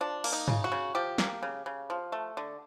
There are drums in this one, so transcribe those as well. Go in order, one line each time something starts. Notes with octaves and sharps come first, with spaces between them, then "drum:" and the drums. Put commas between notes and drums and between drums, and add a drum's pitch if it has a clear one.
F3 D4
A#3, drum: cymbal
D#4
C#3, drum: tom G2
F#4
C#3
F3 G4
A#3, drum: snare
C#3
C#3
F3
A3
D3